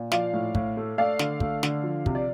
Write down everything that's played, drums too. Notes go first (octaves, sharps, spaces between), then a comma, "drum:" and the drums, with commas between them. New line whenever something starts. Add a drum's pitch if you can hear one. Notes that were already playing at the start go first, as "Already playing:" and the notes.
Already playing: A#2
F3 D5 F5, drum: snare
A2
A2, drum: kick
A3
A3 D5 F5
D3, drum: snare
A3, drum: kick
D3, drum: snare
F3
C3, drum: kick
D5